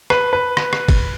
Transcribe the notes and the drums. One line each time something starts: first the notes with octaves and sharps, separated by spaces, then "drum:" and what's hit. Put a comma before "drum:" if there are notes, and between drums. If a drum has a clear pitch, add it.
B4, drum: rim click
B4
drum: rim click
drum: rim click
drum: kick, cymbal